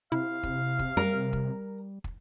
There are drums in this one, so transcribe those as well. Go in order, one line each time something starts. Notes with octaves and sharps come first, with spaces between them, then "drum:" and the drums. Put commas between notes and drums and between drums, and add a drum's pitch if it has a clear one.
C3 E4 F5
drum: kick
drum: kick
G3 A#4
drum: kick
drum: kick